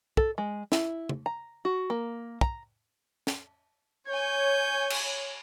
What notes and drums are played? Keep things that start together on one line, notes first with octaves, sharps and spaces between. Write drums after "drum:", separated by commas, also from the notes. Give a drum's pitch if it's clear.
A4, drum: kick
G#3
E4, drum: snare
drum: tom
A#5
F#4
A#3
A#5, drum: kick
drum: snare
C#5 G#5 G6
drum: cymbal